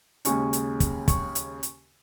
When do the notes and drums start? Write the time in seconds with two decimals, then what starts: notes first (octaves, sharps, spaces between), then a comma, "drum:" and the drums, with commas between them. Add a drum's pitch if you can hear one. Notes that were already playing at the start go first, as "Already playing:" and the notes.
0.25 D#2 C#3 G#3 C#4 C#6, drum: hi-hat
0.53 drum: hi-hat
0.80 drum: kick, hi-hat
1.08 C#6, drum: kick, hi-hat
1.35 drum: hi-hat
1.63 drum: hi-hat